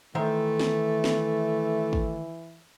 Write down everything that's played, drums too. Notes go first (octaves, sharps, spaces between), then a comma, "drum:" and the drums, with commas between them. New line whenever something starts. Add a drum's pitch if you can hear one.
D#3 E3 A3 C5 E5
drum: snare
drum: snare
drum: kick